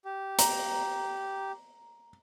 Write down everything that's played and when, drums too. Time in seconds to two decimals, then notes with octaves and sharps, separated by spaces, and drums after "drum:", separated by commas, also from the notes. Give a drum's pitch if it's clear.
0.05 G4
0.39 A#5, drum: hi-hat